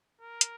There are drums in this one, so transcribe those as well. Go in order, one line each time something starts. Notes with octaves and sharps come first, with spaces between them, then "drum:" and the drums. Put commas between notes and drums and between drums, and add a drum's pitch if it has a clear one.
A#4
drum: hi-hat